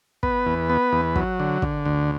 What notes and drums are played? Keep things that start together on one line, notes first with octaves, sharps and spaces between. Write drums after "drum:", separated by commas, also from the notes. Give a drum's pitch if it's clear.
B3 B4, drum: kick
E2
B3
E2
F#3, drum: kick
D3
D3, drum: kick
D2